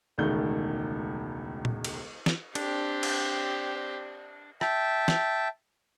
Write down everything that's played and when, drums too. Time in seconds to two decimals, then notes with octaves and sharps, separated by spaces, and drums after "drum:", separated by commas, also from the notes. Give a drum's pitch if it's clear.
0.18 E1 C#2 D#3 A3 G6
1.65 drum: tom A#2
1.84 drum: cymbal
2.26 drum: snare
2.55 C4 D4 G4, drum: cymbal
3.03 drum: cymbal
4.61 E5 G5 A5, drum: rim click
5.08 drum: snare